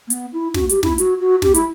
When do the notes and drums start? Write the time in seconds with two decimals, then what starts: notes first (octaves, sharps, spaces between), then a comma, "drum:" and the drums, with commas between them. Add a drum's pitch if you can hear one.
0.07 A#3
0.10 B3, drum: hi-hat
0.33 E4
0.54 F#4, drum: snare
0.69 G4, drum: hi-hat
0.83 E4, drum: snare
0.98 F#4, drum: hi-hat
1.20 F#4
1.42 G4, drum: snare
1.54 E4, drum: hi-hat